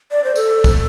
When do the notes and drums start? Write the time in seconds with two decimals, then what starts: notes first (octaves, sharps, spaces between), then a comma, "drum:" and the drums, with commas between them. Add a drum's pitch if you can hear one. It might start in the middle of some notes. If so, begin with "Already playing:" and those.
0.11 D5
0.24 C5
0.36 A4, drum: tambourine
0.64 drum: kick, tambourine